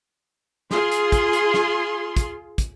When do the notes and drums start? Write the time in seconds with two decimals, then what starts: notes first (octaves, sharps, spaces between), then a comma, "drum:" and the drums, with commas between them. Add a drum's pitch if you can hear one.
0.71 F4 G#4 C6, drum: snare
0.92 drum: hi-hat
1.12 drum: kick, hi-hat
1.33 drum: hi-hat
1.54 drum: snare
2.17 drum: kick, hi-hat
2.58 drum: kick, hi-hat